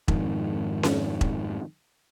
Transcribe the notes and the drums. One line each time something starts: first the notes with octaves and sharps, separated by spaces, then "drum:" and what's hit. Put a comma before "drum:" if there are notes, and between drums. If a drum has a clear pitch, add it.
F2 G#2 D#3, drum: kick E1
drum: snare C#4
drum: kick E1